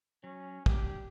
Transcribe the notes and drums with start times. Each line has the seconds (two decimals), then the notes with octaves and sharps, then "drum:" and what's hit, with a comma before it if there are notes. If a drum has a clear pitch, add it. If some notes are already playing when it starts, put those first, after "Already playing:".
0.24 F#3 C#4
0.66 G3 D4 G4, drum: kick